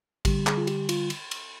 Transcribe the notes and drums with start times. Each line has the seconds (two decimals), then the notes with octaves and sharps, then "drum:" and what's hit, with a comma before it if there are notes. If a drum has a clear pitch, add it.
0.25 D3 G3 G4, drum: kick A1, cymbal
0.47 G#4, drum: clap
0.57 F4
0.67 G4, drum: cymbal
0.89 F4, drum: cymbal
1.10 drum: cymbal
1.31 drum: cymbal